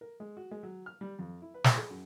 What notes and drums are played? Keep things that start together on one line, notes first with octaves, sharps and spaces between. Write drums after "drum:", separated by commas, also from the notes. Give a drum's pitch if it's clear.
A#4
G#3
F#4
G#3
F#3
F6
G3
F2
E4
B4
drum: snare
G#4
F#2